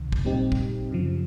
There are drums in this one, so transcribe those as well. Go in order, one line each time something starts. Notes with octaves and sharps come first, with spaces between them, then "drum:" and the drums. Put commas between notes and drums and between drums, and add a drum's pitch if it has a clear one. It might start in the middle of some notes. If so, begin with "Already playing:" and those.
Already playing: C#2 C3 D#3
drum: kick
A#2 G3 C4 D#4 G4
drum: kick
F#2 C#3 F3